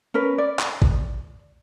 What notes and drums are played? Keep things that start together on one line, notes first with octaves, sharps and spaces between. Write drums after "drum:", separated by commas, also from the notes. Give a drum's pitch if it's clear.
C#4 A#4 B4
D5
drum: clap
drum: kick G#1